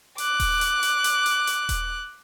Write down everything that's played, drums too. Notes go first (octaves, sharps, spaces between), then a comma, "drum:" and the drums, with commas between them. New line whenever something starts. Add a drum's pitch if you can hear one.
D6 F#6, drum: hi-hat
drum: kick D#1, open hi-hat
drum: hi-hat
drum: hi-hat
drum: hi-hat
drum: hi-hat
drum: hi-hat
drum: kick D#1, hi-hat